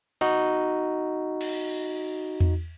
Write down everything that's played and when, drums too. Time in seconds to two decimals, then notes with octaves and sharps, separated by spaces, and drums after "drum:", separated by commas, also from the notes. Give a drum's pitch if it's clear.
0.21 D#4 F#4, drum: hi-hat
1.41 drum: cymbal
2.40 drum: tom E2